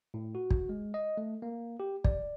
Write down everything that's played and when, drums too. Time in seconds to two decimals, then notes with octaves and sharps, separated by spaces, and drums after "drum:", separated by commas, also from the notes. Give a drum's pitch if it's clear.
0.14 A2
0.35 F#4
0.50 drum: kick
0.69 G#3
0.94 D#5
1.17 A3
1.42 A#3
1.80 G4
2.04 D5, drum: kick